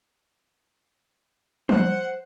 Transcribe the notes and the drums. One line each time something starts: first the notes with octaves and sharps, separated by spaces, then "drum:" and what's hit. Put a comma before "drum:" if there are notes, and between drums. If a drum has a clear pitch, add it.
C5 F#5, drum: tom F3